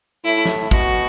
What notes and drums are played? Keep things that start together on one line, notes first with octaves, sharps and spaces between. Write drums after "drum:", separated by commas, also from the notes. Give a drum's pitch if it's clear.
A2 E4
drum: snare
B2 F#4, drum: kick